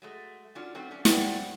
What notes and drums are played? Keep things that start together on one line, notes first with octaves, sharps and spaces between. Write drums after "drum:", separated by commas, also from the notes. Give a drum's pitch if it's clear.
F#3 G#3 A3
F#3 C#4 D4 F4
F#3 A3 C4 F#4
A3 C#4 D4
A2 F#3 C5 D5 F#5 G5, drum: snare